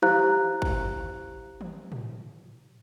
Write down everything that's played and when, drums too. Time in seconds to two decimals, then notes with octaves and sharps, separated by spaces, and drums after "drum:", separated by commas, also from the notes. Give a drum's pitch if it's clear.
0.02 E4 G4 C5 F5 A#5 F#6, drum: tom
0.62 drum: kick
1.61 drum: tom
1.92 drum: tom